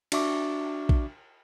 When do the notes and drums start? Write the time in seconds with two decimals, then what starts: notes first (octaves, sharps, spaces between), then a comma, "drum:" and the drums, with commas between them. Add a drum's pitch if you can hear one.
0.12 D4 F#4 E5 C#6 D6, drum: cymbal
0.89 drum: kick A#1